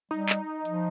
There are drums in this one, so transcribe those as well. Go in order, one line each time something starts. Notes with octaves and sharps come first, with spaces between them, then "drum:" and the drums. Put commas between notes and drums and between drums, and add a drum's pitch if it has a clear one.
G3 D#4
drum: clap
F3, drum: hi-hat